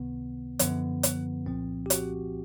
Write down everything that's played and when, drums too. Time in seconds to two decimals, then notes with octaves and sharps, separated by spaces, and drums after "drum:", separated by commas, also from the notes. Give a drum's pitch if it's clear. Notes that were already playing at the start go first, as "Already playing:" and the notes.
Already playing: C#2 C3 D#3 B3
0.59 F#2 D3 F3 B3, drum: hi-hat
1.03 drum: hi-hat
1.46 C2 A#2 F3 C4
1.86 G4
1.90 F#4, drum: hi-hat